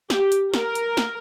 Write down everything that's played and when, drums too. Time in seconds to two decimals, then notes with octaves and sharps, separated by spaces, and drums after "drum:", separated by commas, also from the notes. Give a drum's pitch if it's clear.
0.10 G4, drum: snare
0.32 drum: hi-hat
0.54 A#4, drum: snare
0.75 drum: hi-hat
0.97 drum: snare